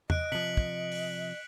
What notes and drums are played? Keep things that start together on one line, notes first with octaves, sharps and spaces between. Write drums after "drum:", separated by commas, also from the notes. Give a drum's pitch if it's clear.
D#5 F#6 D7, drum: tom
C3 F3 B6 C#7 F#7
drum: kick
drum: open hi-hat